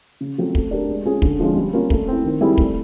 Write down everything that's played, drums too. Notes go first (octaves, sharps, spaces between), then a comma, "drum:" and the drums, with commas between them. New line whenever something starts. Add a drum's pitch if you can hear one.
C#3
F#3 A3 C4 F4
A3, drum: kick
D4 G4 A#4
G#3
C#4 F4 G#4
D3, drum: kick
F3 G#3 C#4 F4
G3
A#3 C#4 F4 A#4
A3, drum: kick
C4 E4
D#3
G3 C4 E4 G#4
A3, drum: kick